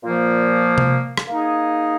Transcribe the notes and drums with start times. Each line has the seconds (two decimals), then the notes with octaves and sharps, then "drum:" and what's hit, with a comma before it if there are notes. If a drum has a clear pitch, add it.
0.04 A#2 F3 A#3
0.78 drum: tom C3
1.17 drum: rim click
1.28 A#3 D#4 G#4 D#5